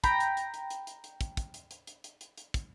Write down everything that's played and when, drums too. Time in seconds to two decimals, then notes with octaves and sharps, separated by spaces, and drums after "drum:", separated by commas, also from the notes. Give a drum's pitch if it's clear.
0.04 G5 A#5 B5, drum: kick, hi-hat
0.20 drum: hi-hat
0.37 drum: hi-hat
0.54 drum: hi-hat
0.70 drum: hi-hat
0.87 drum: hi-hat
1.04 drum: hi-hat
1.21 drum: kick, hi-hat
1.37 drum: kick, hi-hat
1.54 drum: hi-hat
1.71 drum: hi-hat
1.87 drum: hi-hat
2.04 drum: hi-hat
2.21 drum: hi-hat
2.38 drum: hi-hat
2.54 drum: kick, hi-hat